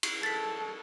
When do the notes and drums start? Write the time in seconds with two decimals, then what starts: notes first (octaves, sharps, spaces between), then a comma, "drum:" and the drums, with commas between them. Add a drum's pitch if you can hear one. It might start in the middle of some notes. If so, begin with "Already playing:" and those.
0.03 drum: cymbal
0.23 A4 A6 B6